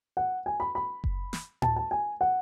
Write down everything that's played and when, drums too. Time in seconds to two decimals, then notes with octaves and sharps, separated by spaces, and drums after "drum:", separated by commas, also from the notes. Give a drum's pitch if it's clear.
0.17 F#5
0.46 G#5
0.60 B5
0.75 B5
1.04 drum: kick F#1
1.33 drum: snare
1.62 A5, drum: tom A2
1.76 A5
1.91 G#5
2.21 F#5